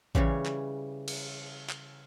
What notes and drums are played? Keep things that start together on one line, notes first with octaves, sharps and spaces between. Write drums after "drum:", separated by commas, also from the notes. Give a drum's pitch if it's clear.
C#3 E3 G3 C#5, drum: kick A1
drum: clap
drum: cymbal
drum: clap